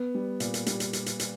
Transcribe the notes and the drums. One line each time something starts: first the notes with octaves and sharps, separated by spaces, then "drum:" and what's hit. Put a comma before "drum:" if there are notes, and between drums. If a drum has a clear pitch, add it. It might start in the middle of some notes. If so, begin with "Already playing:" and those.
Already playing: B3
G3
A#2, drum: hi-hat
drum: hi-hat
G3, drum: hi-hat
drum: hi-hat
drum: hi-hat
drum: hi-hat
drum: hi-hat